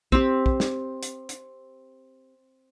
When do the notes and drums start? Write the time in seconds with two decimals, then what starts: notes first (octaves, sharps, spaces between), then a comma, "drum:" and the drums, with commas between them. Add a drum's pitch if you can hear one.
0.12 C4 G4, drum: kick
0.46 drum: kick
0.60 drum: snare
1.03 drum: hi-hat
1.29 drum: hi-hat